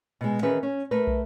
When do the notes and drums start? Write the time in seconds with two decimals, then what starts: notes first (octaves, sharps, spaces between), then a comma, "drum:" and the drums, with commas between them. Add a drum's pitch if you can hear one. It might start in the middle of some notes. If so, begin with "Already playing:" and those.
0.21 B2 G#3
0.42 D#3 E3 C#4 G#4 B4
0.63 C#4
0.91 A3 A#4 B4
1.07 drum: kick